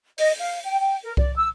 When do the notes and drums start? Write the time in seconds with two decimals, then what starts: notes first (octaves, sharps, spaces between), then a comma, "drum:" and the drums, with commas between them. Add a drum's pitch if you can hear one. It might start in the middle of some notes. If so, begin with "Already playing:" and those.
0.18 D#5, drum: open hi-hat
0.40 F5
0.65 G5
0.79 G5
1.04 A#4
1.17 D5, drum: kick C2
1.36 E6